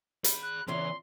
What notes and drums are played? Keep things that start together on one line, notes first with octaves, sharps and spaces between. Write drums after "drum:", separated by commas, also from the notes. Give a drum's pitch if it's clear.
G#4 B5, drum: hi-hat
F#6
E2 C#3 E3 A#5 C6